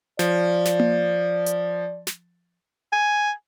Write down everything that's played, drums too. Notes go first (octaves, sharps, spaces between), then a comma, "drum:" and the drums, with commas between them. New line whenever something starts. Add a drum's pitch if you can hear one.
F3 D5, drum: snare
drum: snare
drum: tom A#3
drum: hi-hat
drum: snare
G#5